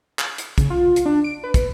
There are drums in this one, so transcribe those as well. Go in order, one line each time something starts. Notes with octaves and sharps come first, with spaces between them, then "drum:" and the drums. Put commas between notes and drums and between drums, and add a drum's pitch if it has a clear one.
drum: clap
drum: hi-hat
C#3, drum: kick, hi-hat
F4
drum: hi-hat
D4
D7
B4
drum: kick, hi-hat